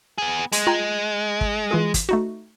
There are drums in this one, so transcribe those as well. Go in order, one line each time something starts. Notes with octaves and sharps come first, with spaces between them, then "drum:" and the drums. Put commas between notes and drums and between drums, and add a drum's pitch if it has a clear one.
B3 G#4
G#3, drum: hi-hat
F4 G5 A#5
drum: kick
E3 F4 G#4
drum: kick, hi-hat
A3 D#4 F#4